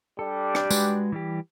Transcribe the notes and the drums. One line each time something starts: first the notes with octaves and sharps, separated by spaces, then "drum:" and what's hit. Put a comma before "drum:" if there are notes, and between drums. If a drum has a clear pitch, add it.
G3 D4 G4 A4
drum: rim click
G#3 F#4 B4, drum: tambourine
E3 G3 G4